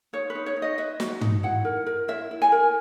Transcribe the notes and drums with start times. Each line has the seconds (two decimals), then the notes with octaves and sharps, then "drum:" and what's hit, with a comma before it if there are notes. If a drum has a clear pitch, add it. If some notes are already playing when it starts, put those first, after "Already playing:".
0.13 D#4 C#5
0.30 B4
0.35 D#4
0.46 C#5
0.57 D#4
0.62 D#5
0.78 B4 E5
1.00 F#4, drum: snare
1.21 D#4, drum: tom
1.43 E4 F#5
1.65 A#4
1.86 A#4
2.08 E4 E5
2.31 E4
2.42 G#5
2.52 A#4